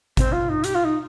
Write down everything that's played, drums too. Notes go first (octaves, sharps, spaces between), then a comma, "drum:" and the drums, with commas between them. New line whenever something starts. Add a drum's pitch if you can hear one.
C4, drum: kick, hi-hat
F4
D#4
G4, drum: hi-hat
F4
D#4